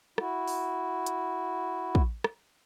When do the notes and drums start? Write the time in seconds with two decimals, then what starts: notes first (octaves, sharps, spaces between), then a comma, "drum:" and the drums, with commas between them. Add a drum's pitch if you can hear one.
0.18 E4 F#4, drum: rim click
0.47 drum: open hi-hat
1.06 drum: hi-hat
1.95 drum: kick
2.24 drum: rim click